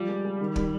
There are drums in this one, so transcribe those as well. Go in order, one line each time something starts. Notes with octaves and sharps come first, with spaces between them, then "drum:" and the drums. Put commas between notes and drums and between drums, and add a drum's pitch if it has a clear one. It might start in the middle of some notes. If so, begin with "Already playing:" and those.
Already playing: F3 G3
G#3
G#3
D#3
D#3, drum: kick